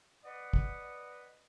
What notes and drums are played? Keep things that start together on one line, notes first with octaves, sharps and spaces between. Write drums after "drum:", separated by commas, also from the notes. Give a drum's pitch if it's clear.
B4 D5 D#5 F#5
drum: kick